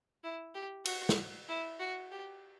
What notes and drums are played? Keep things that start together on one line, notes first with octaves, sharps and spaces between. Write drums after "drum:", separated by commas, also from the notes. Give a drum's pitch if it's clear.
E4
G4
F#4, drum: cymbal
drum: snare
E4
F#4
G4